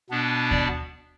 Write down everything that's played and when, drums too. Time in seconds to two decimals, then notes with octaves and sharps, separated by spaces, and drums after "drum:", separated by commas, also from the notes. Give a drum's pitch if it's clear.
0.10 B2 B3 D4
0.51 D5, drum: kick D#2